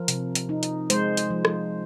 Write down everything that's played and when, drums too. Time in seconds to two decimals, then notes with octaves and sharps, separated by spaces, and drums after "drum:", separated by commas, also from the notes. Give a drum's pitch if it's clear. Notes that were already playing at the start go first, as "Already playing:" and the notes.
Already playing: F3 A#4
0.08 C3, drum: hi-hat
0.35 drum: hi-hat
0.49 D#4
0.63 drum: hi-hat
0.90 G#3 C5, drum: hi-hat
1.17 drum: hi-hat
1.30 F3
1.45 drum: rim click